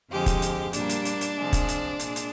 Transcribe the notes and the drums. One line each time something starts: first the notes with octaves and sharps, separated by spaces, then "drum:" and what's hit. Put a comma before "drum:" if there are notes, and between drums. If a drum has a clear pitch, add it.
F2 D3 F3 G#3 G4
drum: kick, hi-hat
drum: hi-hat
A#2 G3 A#3 D4, drum: hi-hat
drum: hi-hat
drum: hi-hat
drum: hi-hat
C3 F3 G#3
drum: kick, hi-hat
drum: hi-hat
A#2 G#3, drum: hi-hat
drum: hi-hat